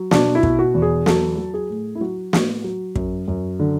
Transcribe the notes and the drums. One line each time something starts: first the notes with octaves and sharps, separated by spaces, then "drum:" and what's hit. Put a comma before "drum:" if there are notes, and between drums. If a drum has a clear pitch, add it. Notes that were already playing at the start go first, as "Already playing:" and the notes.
Already playing: F#3
B2 D4, drum: snare
E4
B2, drum: kick
F#4
E2
G#4
F#3 A4, drum: snare
F#3
G#4
A2
E4
F#3 F#4
A2, drum: snare
F#3
F#2, drum: kick
F#2
D3